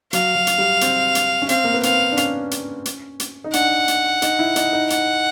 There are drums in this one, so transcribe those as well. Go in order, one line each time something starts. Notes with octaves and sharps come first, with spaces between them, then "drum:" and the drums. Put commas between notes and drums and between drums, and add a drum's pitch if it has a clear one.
F#3 F5, drum: hi-hat
F#3
drum: hi-hat
G3
C4, drum: hi-hat
drum: hi-hat
C#4
C4 F5, drum: hi-hat
A#3
B3
C4 F5, drum: hi-hat
D4
C#4, drum: hi-hat
drum: hi-hat
drum: hi-hat
drum: hi-hat
D#4
D4 F#5, drum: hi-hat
drum: hi-hat
D#4, drum: hi-hat
E4
D#4, drum: hi-hat
D#4
F#5, drum: hi-hat